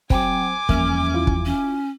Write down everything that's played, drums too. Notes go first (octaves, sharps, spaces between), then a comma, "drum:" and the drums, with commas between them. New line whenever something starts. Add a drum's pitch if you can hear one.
F#3 C4 G5 G#5 D6, drum: kick
E2 F3 G3 A#3 C#4 E5 F6, drum: kick
E4 F4
drum: kick
C#4